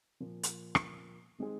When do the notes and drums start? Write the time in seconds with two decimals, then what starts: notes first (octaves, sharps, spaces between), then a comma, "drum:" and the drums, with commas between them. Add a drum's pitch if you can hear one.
0.20 A#2 F3 A#3
0.43 drum: hi-hat
0.75 drum: rim click
1.38 D#3 G#3 C4 G#4